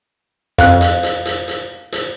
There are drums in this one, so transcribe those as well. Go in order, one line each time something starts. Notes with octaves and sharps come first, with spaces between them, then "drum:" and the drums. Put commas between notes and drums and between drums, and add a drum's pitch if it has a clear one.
F2 F5 F#6, drum: hi-hat
drum: hi-hat
drum: hi-hat
drum: hi-hat
drum: hi-hat
drum: hi-hat